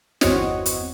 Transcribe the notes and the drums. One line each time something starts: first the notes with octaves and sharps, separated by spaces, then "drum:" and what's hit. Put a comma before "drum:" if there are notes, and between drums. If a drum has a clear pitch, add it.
G1 E2 C4 F#4 C#5 D#5, drum: snare
drum: hi-hat